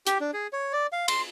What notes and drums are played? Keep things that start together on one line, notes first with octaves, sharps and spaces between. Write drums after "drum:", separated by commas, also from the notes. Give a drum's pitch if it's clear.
G4, drum: hi-hat
D4
G#4
C#5
D5
F5
C6, drum: cymbal